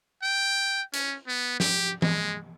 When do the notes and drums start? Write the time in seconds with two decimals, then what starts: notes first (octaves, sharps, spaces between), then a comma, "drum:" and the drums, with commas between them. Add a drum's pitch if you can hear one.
0.23 G5
0.94 C#4, drum: hi-hat
1.28 B3
1.60 G4, drum: snare
2.02 G#3, drum: tom E3